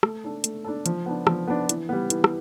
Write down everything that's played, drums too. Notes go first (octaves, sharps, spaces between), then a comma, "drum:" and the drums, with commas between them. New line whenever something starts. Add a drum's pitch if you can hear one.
A3, drum: rim click
D4 A4
A3, drum: hi-hat
D4 A4
F3, drum: hi-hat
B3 D4
F3, drum: rim click
B3 D4
E3, drum: hi-hat
G3 B3
E3, drum: hi-hat
drum: rim click